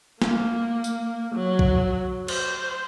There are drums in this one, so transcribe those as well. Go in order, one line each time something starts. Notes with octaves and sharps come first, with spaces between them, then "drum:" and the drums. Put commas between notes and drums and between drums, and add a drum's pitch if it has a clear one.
A#3, drum: snare
drum: tambourine
F#3
drum: kick B1
C5, drum: cymbal